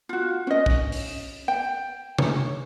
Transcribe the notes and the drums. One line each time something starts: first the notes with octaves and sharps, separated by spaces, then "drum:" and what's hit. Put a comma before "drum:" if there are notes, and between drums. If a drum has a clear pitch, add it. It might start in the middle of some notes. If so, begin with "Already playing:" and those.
F4 F#4
C#4 D#5
drum: kick
drum: open hi-hat
G5
C#5, drum: tom C3